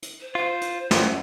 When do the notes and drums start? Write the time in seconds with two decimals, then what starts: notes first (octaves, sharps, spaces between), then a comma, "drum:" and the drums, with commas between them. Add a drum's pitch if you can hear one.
0.02 drum: hi-hat
0.21 C5
0.35 F4 C5
0.61 drum: hi-hat
0.91 F#2, drum: snare